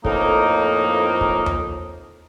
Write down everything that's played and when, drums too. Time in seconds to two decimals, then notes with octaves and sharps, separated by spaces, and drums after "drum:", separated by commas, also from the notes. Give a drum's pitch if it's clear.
0.05 F2 A2 A#3 D#4, drum: kick
1.21 drum: kick
1.46 drum: tom D#2